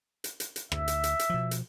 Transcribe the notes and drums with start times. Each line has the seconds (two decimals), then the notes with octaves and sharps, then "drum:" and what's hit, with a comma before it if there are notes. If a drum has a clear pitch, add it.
0.24 drum: hi-hat
0.40 drum: hi-hat
0.56 drum: hi-hat
0.72 D2 E5, drum: rim click
0.88 drum: hi-hat
1.03 drum: hi-hat
1.19 drum: hi-hat
1.30 B2 F3
1.51 drum: hi-hat